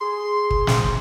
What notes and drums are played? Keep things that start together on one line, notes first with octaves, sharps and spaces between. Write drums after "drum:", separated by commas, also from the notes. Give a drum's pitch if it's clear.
G#4 C6
drum: kick
drum: snare
drum: kick